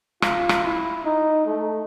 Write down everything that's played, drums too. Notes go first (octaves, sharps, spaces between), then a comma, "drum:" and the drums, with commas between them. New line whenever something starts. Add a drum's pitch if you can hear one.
F4, drum: rim click
drum: rim click
E4
D#4
A3